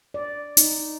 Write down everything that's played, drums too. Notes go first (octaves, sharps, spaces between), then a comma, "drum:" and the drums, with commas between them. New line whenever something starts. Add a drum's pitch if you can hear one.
D5
D#4, drum: hi-hat